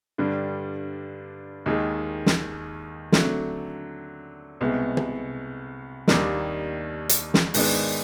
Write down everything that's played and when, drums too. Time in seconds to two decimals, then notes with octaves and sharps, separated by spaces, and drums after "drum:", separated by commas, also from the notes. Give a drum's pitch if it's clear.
0.18 G2 D3 G3
1.66 D#2 D#3 G#3
2.26 drum: snare
3.12 D3 F#3 A3 C4, drum: snare
4.61 C2 B2 G#3 B3
4.97 drum: tom
6.07 D#2 D#3 G3 A#3 D4, drum: snare
7.09 drum: hi-hat
7.34 drum: snare
7.54 G#2 D#3 G#3 B3 D4, drum: open hi-hat